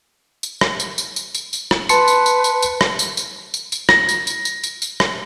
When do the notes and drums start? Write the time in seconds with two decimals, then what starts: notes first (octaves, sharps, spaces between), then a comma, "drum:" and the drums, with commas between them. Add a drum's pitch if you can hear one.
0.43 drum: tambourine
0.61 drum: rim click
0.80 drum: tambourine
0.98 drum: tambourine
1.16 drum: tambourine
1.35 drum: tambourine
1.53 drum: tambourine
1.71 drum: rim click
1.89 B4 A5 C6 C#7, drum: tambourine
2.08 drum: tambourine
2.26 drum: tambourine
2.44 drum: tambourine
2.62 drum: tambourine
2.81 drum: rim click
2.99 drum: tambourine
3.17 drum: tambourine
3.54 drum: tambourine
3.72 drum: tambourine
3.89 A#6, drum: rim click
4.09 drum: tambourine
4.27 drum: tambourine
4.45 drum: tambourine
4.63 drum: tambourine
4.82 drum: tambourine
5.00 drum: rim click